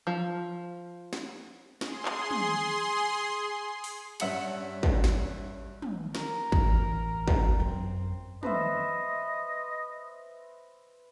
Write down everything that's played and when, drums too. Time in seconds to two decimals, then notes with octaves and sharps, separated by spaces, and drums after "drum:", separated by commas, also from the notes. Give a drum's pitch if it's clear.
0.07 F3
1.13 drum: snare
1.81 G#4 C6, drum: snare
2.05 drum: clap
2.31 drum: tom
3.84 drum: open hi-hat
4.20 G2 C#4 E5 F#5 C#7 F#7, drum: cymbal
4.83 drum: kick
5.04 drum: snare
5.82 drum: tom
6.15 A#4, drum: snare
6.52 A1, drum: kick
7.28 drum: kick
7.60 F#2 C4
8.43 B4 C5 D#5 E5, drum: tom